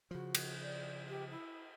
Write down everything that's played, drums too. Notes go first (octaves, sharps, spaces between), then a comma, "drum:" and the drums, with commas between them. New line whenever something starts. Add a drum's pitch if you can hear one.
C#3 F3 F#4
drum: cymbal
D5
G4
E4